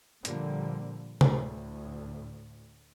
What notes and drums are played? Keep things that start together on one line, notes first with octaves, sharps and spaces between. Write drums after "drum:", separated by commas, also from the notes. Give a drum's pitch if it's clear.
A#2 D3 F3 G3 A#3, drum: hi-hat
D2 A2, drum: tom